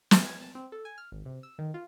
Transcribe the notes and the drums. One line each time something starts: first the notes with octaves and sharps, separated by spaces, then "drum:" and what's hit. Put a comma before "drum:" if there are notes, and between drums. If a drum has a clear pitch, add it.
drum: snare
G#6
A5
C4
A4
G#5
F6
G#1
C3
E6
D#3
F4